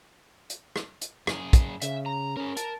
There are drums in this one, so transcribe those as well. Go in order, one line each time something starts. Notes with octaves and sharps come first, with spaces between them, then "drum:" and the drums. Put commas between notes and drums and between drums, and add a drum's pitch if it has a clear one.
drum: hi-hat
drum: rim click
drum: hi-hat
F#2 G#4, drum: rim click
drum: kick, hi-hat
C#3 E5, drum: hi-hat
A#5
C#4 G#4 A#4
A#4 A5, drum: hi-hat